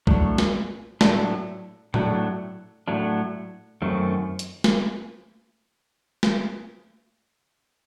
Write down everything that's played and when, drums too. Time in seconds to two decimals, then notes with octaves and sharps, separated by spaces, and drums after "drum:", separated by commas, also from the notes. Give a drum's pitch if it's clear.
0.07 A2 F#3 A3 D4, drum: kick B1
0.38 drum: snare
1.01 A2 F#3 A3 D4, drum: snare
1.94 A2 F#3 A3 D4, drum: tom A#2
2.88 A2 F#3 A3 D4
3.82 F#2 D#3 F#3 A3 C4
4.39 drum: hi-hat
4.64 drum: snare
6.23 drum: snare